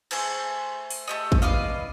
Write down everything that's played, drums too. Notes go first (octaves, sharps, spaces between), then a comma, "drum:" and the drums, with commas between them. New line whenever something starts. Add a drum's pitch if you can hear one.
A3 G#4 C5, drum: cymbal
drum: open hi-hat
A3 G4 D#5
drum: kick A1
B3 D5 D#5 F5